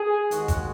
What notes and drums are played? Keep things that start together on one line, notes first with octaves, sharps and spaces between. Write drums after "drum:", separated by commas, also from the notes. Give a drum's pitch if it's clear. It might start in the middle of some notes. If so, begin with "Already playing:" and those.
Already playing: G#4
D#2 D#3 G#3 F#4, drum: hi-hat
drum: kick, hi-hat